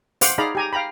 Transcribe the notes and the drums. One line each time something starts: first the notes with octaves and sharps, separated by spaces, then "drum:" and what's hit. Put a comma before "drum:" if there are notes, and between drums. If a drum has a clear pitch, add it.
C5 F5 F#5 C6 D6, drum: open hi-hat
D#4 G#4 D5 F5 A#5 B5
G4 G#5 A#5
F5 G5 A#5 B5